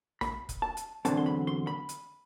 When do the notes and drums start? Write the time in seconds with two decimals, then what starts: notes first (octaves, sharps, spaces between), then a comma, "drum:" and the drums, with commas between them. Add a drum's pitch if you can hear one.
0.21 B5, drum: snare
0.49 drum: kick F1, hi-hat
0.62 A5
0.77 drum: hi-hat
1.05 E2 D3 F#3 C4 A5, drum: hi-hat
1.17 C6
1.26 B5
1.47 C6
1.67 B5
1.89 drum: hi-hat